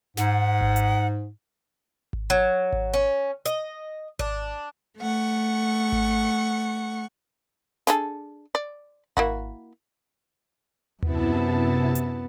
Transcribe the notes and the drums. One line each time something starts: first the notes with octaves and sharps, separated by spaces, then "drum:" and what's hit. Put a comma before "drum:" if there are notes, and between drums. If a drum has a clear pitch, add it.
G#2 F#5, drum: snare
drum: kick G#1
drum: hi-hat
drum: kick G#1
F#3
drum: kick G#1
C#4
D#5, drum: hi-hat
D4, drum: kick G#1
A3 F#5 C#6
drum: kick G#1
D4 G#4 A4, drum: snare
D5
A#3 E4 F#4, drum: kick G#1
F#2 C3 B3 E4 A5, drum: tom D#2
drum: hi-hat